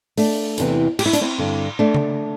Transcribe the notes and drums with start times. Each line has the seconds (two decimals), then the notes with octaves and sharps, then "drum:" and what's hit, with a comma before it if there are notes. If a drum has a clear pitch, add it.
0.17 A3 D4, drum: open hi-hat
0.58 E2 C3 E3, drum: hi-hat
0.99 G4, drum: cymbal
1.06 E4
1.13 D4, drum: hi-hat
1.21 C4 E4
1.38 G2 D3
1.79 A3 D4
1.94 drum: tom C#3